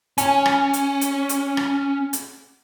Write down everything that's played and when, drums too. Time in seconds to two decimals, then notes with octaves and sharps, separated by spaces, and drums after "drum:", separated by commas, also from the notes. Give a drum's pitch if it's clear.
0.18 C#4 G#5, drum: hi-hat
0.46 drum: rim click
0.73 drum: hi-hat
1.01 drum: hi-hat
1.29 drum: hi-hat
1.57 drum: rim click
2.13 drum: hi-hat